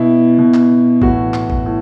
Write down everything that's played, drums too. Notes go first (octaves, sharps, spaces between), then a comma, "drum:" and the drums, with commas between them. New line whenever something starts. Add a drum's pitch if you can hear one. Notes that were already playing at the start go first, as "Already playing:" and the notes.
Already playing: B2 E4
B2
drum: clap
A2 E3 F#4, drum: kick A1
drum: clap
drum: kick A1
A2